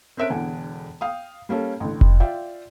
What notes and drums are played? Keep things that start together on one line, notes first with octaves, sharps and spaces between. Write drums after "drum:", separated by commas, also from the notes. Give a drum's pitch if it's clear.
C4 C#4 A#4 E5 F#6 D7
E1 E2 D3 F#5 G#5
F5 G5 D#6
G3 A#3 C#4 A4
A1 D3
drum: kick F1
F4 D5 E5 G5